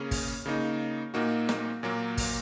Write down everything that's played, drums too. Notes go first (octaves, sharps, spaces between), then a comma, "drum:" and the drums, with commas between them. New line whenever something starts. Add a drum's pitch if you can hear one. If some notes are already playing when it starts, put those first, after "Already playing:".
Already playing: C#3 A#3 C#4 G#4
drum: kick, open hi-hat
C#3 A#3 D#4
A#2 A#3 D#4 F#4
drum: snare
A#2 F#3 A#3
drum: kick, open hi-hat